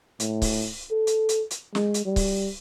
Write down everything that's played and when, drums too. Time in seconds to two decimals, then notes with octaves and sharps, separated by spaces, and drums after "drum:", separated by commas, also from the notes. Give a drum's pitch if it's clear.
0.20 A2, drum: hi-hat
0.42 drum: kick C#1, open hi-hat
0.91 A4
1.07 drum: hi-hat
1.29 drum: hi-hat
1.51 drum: hi-hat
1.75 G#3, drum: snare
1.94 drum: hi-hat
2.06 G3
2.16 drum: kick C#1, open hi-hat